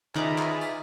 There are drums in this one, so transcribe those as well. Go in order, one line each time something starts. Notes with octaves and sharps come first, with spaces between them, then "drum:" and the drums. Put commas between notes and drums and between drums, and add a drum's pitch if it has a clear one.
D#3 D#4 F4 G#4 B4 D5 E5 A#5, drum: clap
drum: clap
drum: tambourine